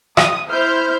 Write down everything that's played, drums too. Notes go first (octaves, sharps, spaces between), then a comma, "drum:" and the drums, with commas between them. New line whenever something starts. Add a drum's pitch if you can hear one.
D#6, drum: rim click
E4 C5 F6 G6